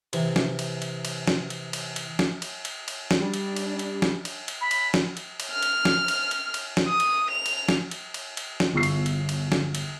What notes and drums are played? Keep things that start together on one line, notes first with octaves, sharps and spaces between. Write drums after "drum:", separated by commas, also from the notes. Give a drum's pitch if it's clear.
C3 E3, drum: cymbal
drum: snare
drum: cymbal
drum: cymbal
drum: cymbal
drum: snare
drum: cymbal
drum: cymbal
drum: cymbal
drum: snare
drum: cymbal
drum: cymbal
drum: cymbal
drum: snare
G3 D4
drum: cymbal
drum: cymbal
drum: cymbal
drum: snare
drum: cymbal
drum: cymbal
B5
drum: cymbal
drum: snare
drum: cymbal
drum: cymbal
F6
drum: cymbal
drum: snare
drum: cymbal
drum: cymbal
drum: cymbal
drum: snare
D#6
drum: cymbal
F7
drum: cymbal
drum: snare
drum: cymbal
drum: cymbal
drum: cymbal
drum: snare
G1 E2 F4 C#6 E6 C7
drum: cymbal
drum: cymbal
drum: cymbal
drum: snare
drum: cymbal